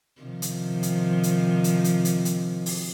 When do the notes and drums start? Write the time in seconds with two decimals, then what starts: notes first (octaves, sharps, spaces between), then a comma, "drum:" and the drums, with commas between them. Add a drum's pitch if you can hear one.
0.22 C3 D#3 F3
0.42 drum: hi-hat
0.83 drum: hi-hat
1.23 drum: hi-hat
1.64 drum: hi-hat
1.84 drum: hi-hat
2.05 drum: hi-hat
2.25 drum: hi-hat
2.66 drum: open hi-hat